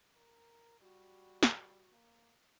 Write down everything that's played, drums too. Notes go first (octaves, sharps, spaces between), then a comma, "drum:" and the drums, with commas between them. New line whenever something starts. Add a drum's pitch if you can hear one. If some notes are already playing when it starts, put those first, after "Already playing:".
A#4
G3 F#4
drum: snare
A#3